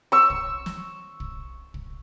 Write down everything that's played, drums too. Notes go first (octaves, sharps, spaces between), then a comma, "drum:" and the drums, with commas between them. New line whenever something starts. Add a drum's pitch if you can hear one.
C#6 E6
drum: kick
drum: snare
drum: kick
drum: kick